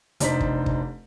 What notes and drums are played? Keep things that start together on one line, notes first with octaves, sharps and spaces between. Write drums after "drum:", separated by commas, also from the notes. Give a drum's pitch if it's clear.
F1 D4 D#4 C5 B6, drum: hi-hat
drum: kick
drum: kick